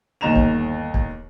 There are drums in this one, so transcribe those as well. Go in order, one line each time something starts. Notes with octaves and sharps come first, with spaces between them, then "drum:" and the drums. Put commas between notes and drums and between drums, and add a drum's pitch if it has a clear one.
G1 D#2 D#5 A#5 E7 F7
drum: kick
drum: kick